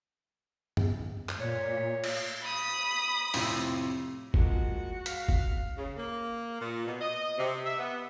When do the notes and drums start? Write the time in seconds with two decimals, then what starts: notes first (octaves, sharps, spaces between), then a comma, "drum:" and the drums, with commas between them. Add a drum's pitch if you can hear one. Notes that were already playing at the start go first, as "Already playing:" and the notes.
0.77 drum: tom F#2
1.29 drum: clap
1.40 A#2 C#5
2.04 drum: cymbal
2.43 B5 D#6
3.34 F2 A2 C3, drum: open hi-hat
4.34 F3 G#3 A#3 F#4, drum: kick G1
5.06 F5 B6, drum: hi-hat
5.29 drum: kick G1
5.77 C#3
5.96 A#3
6.60 A#2
6.85 B2
7.01 D#5
7.38 C3
7.65 E5
7.78 B3